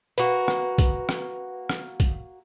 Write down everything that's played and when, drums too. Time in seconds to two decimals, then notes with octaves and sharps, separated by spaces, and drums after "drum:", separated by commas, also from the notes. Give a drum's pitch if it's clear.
0.18 A#3 F#4 B4, drum: hi-hat
0.48 drum: rim click
0.78 drum: kick, hi-hat
1.09 drum: rim click
1.69 drum: rim click
2.00 drum: kick, hi-hat